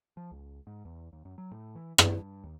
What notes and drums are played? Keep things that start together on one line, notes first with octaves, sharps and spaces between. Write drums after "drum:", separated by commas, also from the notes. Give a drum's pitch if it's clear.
F3
C#2
G#2
E2
D#2
F#2
F#3
A2
E3
E3, drum: rim click
G2
D#2